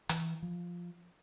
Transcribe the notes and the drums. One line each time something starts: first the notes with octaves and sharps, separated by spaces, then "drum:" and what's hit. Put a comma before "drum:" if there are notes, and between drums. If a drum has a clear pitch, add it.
E3, drum: hi-hat
F3